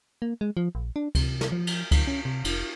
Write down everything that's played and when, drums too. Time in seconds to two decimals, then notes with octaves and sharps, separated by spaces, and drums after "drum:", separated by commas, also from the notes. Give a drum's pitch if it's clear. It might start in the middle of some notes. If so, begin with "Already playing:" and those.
0.22 A#3
0.41 G#3
0.57 F3
0.75 A#1
0.96 D4
1.15 C3, drum: kick C#2, cymbal
1.41 drum: snare
1.52 F3
1.67 drum: cymbal
1.91 D2, drum: kick C#2, cymbal
2.07 C#4
2.25 C3
2.45 F1, drum: cymbal